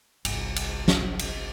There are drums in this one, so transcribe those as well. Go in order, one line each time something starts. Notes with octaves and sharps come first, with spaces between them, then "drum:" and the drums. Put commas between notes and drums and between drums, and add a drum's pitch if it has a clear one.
G1 C2, drum: cymbal
drum: cymbal
drum: snare
drum: cymbal